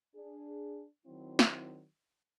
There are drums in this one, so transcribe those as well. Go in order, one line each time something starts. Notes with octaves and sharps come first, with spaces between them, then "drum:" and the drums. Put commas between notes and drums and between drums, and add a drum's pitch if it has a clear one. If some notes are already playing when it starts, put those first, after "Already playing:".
D4 G#4
D#3 F#3 C4 E4
drum: snare